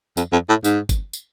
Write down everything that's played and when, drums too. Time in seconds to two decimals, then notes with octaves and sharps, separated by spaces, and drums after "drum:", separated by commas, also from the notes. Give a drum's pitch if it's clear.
0.17 F2, drum: tambourine
0.32 F2
0.49 A2
0.64 G#2, drum: tambourine
0.89 drum: kick, tambourine
1.13 drum: tambourine